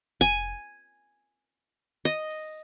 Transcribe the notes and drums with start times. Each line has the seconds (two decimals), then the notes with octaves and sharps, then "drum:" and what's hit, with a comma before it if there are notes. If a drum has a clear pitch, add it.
0.21 G#5, drum: kick F1
2.05 D#5
2.30 drum: open hi-hat